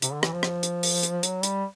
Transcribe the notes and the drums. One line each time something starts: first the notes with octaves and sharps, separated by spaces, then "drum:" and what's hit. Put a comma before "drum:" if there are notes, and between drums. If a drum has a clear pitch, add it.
C3, drum: hi-hat
D3
E3, drum: rim click
F3
drum: rim click
drum: hi-hat
drum: open hi-hat
drum: hi-hat
F#3, drum: hi-hat
G3, drum: hi-hat